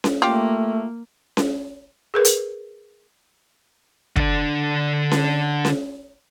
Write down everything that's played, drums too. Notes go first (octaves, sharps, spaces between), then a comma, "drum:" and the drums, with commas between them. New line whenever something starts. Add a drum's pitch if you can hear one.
drum: snare C#4
A3 A#3 F4 G4
drum: snare C#4
G#4 A#4 B4
drum: hi-hat
D3 D4, drum: kick
drum: snare C#4
drum: snare C#4